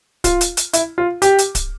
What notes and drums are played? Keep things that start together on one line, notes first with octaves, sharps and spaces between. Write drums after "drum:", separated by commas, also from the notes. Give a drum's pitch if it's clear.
F4, drum: kick D1, hi-hat
drum: hi-hat
drum: hi-hat
E4, drum: hi-hat
F4
G4, drum: hi-hat
drum: hi-hat
drum: kick D1, hi-hat